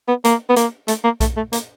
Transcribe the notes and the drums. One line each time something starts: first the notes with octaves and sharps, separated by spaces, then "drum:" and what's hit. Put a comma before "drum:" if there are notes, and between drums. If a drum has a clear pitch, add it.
B3
A#3, drum: hi-hat
B3
A#3, drum: hi-hat
A3, drum: hi-hat
A#3
A3, drum: kick B1, hi-hat
A3
A#3, drum: hi-hat